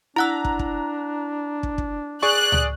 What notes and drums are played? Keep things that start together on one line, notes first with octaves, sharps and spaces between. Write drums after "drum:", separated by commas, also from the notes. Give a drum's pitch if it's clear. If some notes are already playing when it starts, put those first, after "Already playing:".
D4 E4 F#5 A#5 E6 F#6
drum: kick
drum: kick
drum: kick
drum: kick
G#4 D5 C#6 F#6
drum: tom C#2